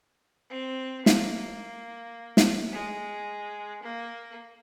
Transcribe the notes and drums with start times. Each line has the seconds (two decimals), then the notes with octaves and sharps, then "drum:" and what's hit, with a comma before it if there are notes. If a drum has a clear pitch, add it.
0.50 C4
1.06 A#3, drum: snare
2.37 drum: snare
2.73 G#3
3.83 A#3